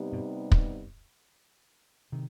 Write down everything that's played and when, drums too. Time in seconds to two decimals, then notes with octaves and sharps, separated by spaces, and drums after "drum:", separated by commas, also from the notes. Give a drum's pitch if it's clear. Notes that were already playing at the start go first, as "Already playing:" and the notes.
Already playing: C3 G3 B3 D#4
0.12 G2 B2
0.52 drum: kick
2.12 C3 D#3